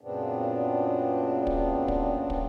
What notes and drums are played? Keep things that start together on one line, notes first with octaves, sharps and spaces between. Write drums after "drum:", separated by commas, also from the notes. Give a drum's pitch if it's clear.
F#2 A#2 C#3 B3 C4 D4
drum: kick
drum: kick
drum: kick